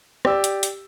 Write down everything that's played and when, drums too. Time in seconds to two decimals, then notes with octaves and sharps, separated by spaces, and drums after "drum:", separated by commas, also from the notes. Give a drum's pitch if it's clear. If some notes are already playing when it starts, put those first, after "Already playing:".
0.25 G4 D5 E6, drum: rim click
0.44 drum: hi-hat
0.63 drum: hi-hat